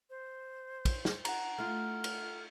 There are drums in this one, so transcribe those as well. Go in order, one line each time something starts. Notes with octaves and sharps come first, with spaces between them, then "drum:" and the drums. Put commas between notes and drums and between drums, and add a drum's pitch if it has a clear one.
C5
drum: kick, cymbal
drum: snare
F#5 A#5, drum: cymbal
A3 F4 F6
drum: cymbal